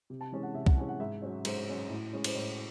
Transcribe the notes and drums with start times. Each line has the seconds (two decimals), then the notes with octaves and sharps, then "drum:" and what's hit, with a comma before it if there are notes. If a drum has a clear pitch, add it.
0.10 C3
0.21 A5
0.32 E3 G#3 C#4
0.43 F#5
0.54 C3 E5
0.66 F#5, drum: kick C2
0.77 E3 G#3 C#4 G#5
0.89 F#5
1.00 G#2 E5
1.22 F#3 C#4 C#5
1.45 G#2 C5, drum: cymbal
1.67 F#3 C#4
1.90 A2
2.13 G#3 C#4
2.24 C5, drum: cymbal
2.35 A2 C#5